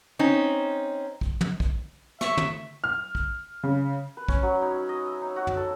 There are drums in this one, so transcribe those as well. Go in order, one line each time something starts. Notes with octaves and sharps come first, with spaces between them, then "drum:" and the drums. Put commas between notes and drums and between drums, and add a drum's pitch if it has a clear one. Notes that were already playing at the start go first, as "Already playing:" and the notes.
C4 C#4 D#4
drum: kick
drum: tom
drum: kick
E5 C#6, drum: snare
drum: tom
F6
drum: kick
C#3
B4
C#4, drum: kick
F#3
D#4
B5
D#5
E5
D#4
F#4
drum: tom
A4